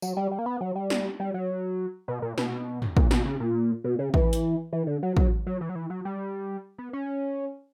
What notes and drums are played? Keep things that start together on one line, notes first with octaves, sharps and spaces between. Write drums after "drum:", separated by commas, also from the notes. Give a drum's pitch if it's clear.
F#3, drum: tambourine
G3
G3
A#3
B3
F#3
G3
drum: snare
G3
F#3
B2
A#2
B2, drum: snare
drum: tom
A#2, drum: kick
B2, drum: snare
C#3
A#2
B2
C#3
E3, drum: kick
drum: hi-hat
E3
D3
F#3
F#3, drum: kick
F#3
E3
F#3
E3
F#3
G3
B3
C#4